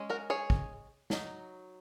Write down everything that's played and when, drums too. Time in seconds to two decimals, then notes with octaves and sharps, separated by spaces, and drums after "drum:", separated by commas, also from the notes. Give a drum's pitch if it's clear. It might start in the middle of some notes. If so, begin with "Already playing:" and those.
Already playing: G#3 C#4
0.10 F#4 A#4
0.30 G#4 C#5
0.50 drum: kick
1.10 F#3 D#4, drum: snare